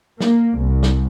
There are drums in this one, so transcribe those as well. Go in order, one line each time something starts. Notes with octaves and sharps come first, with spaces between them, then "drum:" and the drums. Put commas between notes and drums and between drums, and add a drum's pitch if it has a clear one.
A#3, drum: snare
C2
drum: snare